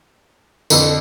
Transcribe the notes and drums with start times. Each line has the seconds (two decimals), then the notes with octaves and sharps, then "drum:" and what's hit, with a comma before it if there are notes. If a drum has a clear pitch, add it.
0.70 F2 D3 F3, drum: tambourine